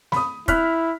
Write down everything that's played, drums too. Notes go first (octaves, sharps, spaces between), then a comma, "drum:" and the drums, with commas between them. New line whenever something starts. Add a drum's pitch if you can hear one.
B5 D#6, drum: snare
E4 F6 F#6 B6, drum: kick, hi-hat